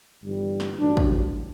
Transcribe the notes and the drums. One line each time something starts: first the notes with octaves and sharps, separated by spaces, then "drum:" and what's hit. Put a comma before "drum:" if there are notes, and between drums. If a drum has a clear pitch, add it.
G1 G2 E3 G3
drum: snare
A1 G2 F#3 D4
drum: kick